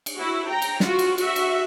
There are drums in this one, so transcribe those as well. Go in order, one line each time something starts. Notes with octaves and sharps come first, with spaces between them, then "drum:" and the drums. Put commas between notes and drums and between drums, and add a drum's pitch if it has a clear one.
drum: cymbal
E4 F#4
G5 A#5
drum: cymbal
F4 F#4, drum: snare
drum: cymbal
F#4 E5, drum: cymbal
drum: cymbal